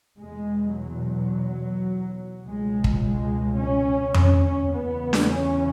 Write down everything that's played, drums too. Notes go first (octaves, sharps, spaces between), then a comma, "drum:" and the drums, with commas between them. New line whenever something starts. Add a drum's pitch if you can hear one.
E2 B2 G#3
F#3
C#2 B2 G#3
drum: kick
G#3
C#4
C#4, drum: tom F2
C#4
E2 C#3 B3
drum: snare D4
C#4